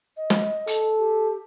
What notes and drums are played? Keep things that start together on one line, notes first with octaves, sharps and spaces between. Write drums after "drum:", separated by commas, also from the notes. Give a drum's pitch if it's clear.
D#5
drum: snare
A4, drum: hi-hat
G4